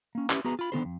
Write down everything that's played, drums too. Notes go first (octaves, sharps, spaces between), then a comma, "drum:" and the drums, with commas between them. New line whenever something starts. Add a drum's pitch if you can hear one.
A#3 C#4
C#4 E4 G4 B4, drum: clap
B3 F#4 G#4 B4 A#5
F4 B5
D3 D#3 B3 F#4 A4 C5
F2